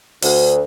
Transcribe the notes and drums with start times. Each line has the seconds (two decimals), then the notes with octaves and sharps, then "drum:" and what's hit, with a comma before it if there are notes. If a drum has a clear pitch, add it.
0.22 D2, drum: open hi-hat